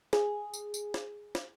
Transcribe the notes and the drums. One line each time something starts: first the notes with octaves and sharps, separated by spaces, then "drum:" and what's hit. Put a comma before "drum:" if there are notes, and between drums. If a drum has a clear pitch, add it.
G#4, drum: snare
drum: tambourine
drum: tambourine
drum: snare
drum: snare